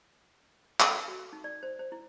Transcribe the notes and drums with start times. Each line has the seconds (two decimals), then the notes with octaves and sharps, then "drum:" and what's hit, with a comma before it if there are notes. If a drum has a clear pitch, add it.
0.80 drum: clap
0.89 A4
1.08 F#4
1.33 D#4
1.44 D5
1.63 C5
1.79 C5
1.92 E4